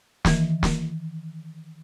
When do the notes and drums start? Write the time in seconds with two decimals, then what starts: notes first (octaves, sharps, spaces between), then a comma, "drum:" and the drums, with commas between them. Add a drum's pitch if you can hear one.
0.25 D#3 E3, drum: snare
0.63 drum: snare